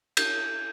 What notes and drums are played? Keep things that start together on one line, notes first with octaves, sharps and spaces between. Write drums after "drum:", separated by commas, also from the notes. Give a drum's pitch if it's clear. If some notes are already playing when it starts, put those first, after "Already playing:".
G6, drum: cymbal